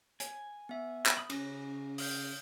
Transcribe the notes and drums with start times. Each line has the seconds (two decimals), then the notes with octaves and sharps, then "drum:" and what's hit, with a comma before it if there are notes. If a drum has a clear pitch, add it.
0.20 G#5, drum: hi-hat
0.69 B3 E5
1.06 drum: clap
1.17 B5 D#6 F6
1.30 C#3 C#4 A#6, drum: cymbal
1.98 D#6 F6 G6, drum: open hi-hat